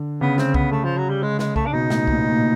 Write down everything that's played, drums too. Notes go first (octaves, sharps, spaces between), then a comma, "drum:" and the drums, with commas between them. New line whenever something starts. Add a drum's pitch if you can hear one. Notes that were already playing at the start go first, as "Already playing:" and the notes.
Already playing: D3
C#3 B3
C4, drum: snare
B3, drum: kick C2
A3
F3
F#3
G3
G#3
G#3, drum: snare
A3, drum: kick C2
D4
B2 D#4
A2, drum: snare
A#2, drum: kick C2
B2
A#2